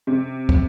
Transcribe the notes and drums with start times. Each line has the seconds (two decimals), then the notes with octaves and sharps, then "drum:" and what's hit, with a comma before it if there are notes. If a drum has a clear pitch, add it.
0.07 C3
0.49 drum: kick